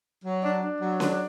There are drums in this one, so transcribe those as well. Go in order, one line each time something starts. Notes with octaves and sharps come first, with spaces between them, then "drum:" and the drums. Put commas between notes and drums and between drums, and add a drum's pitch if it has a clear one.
F#3
D4
D4
F#3
D4, drum: snare C#4